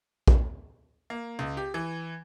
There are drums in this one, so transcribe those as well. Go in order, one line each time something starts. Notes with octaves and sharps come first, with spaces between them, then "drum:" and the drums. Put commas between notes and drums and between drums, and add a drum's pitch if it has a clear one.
drum: kick A#1
A#3
C#2
G4
E3